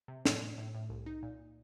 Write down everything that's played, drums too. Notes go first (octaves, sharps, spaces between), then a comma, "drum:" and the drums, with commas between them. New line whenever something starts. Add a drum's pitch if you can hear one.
C3
A2, drum: snare
A2
A2
A2
C2
D#4
A#2